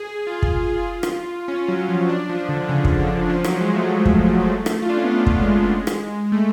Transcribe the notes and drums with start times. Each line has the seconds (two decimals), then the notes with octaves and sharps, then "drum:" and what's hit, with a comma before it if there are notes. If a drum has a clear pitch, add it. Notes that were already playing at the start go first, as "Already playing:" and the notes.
Already playing: G#4
0.27 F4
0.42 drum: kick
1.03 drum: rim click
1.48 C#4
1.68 F#3
1.89 F3
2.09 D4
2.29 F3
2.49 D3
2.69 C#3
2.84 drum: kick
3.00 D3
3.30 F3
3.44 F#3, drum: rim click
3.61 G#3
3.75 A3
4.05 drum: kick
4.66 drum: rim click
4.82 F4
4.89 D4
4.97 C#4
5.04 B3
5.11 A3
5.26 drum: kick
5.42 G#3
5.87 drum: rim click
6.32 A3